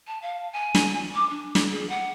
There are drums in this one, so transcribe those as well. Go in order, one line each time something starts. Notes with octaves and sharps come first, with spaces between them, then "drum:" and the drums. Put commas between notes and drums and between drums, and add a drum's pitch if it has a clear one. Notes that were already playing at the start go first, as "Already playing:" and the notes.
A5
F5
G#5
drum: snare
D6
D4
drum: snare
G#4
F#5